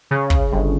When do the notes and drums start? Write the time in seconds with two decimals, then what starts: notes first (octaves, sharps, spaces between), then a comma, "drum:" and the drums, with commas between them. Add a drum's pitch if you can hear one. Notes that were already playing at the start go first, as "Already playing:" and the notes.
0.11 C#3
0.30 drum: kick
0.52 G1